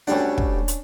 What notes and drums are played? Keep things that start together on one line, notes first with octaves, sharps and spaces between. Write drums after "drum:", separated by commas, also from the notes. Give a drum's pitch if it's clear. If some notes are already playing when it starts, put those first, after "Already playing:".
D2 G3 C#4 D4 F#5
drum: kick
drum: hi-hat